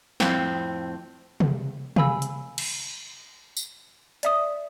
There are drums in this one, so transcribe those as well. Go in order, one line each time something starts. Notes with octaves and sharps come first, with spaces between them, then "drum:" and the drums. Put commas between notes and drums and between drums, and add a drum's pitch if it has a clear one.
F2 A2 C4, drum: snare
drum: tom C3
F5 G#5 B5 E6, drum: tom C3
drum: hi-hat
drum: cymbal
drum: tambourine
D5 E5 D#6, drum: hi-hat